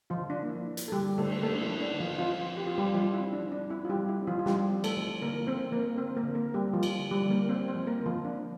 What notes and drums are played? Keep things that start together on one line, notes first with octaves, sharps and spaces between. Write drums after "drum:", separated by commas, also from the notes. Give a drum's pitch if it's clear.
F3 F4
D3
D4
A#3
E4
F3
drum: hi-hat
A4
D3 G3 G4
D3 A3 A4, drum: cymbal
A3 A#3 A4
D4
E4
F3
D4
D3
F3 F4
F3 C4 F4
F3
G4
C4 F4
G3 G4
F3 F4
E4
C4
D4
F3
D4
C4 E4
F4
G3 G4
F3
E4
C4
F3 F4
F4
F3 G3 G4, drum: snare
C4
A3 A4, drum: cymbal
F3
D3 A#3 A#4
C4 C5
F3 A#3 A#4
D3 C4 C5
A#3 A#4
D3
A#3 A#4
C4
G3 G4
F3 F4
drum: cymbal
D3
G3 G4
D3
A#3 A#4
C4 C5
C4 C5
F3
A#3 A#4
D3
F3 F4
C4 D4